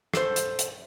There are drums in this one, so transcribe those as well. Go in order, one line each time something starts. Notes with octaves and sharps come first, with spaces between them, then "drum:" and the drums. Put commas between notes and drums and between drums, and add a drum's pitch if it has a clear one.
A4 C5, drum: rim click
drum: hi-hat
drum: hi-hat